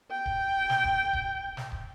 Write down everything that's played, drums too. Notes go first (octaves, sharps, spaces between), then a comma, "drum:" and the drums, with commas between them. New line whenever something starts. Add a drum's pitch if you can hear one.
G5
drum: kick D1
drum: snare
drum: kick D1
drum: kick D1
drum: snare
drum: kick D1